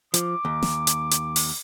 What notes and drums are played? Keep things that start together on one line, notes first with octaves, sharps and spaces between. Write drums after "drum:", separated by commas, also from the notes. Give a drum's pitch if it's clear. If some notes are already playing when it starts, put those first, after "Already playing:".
F3 D6, drum: hi-hat
D#2
drum: snare
drum: hi-hat
drum: hi-hat
drum: open hi-hat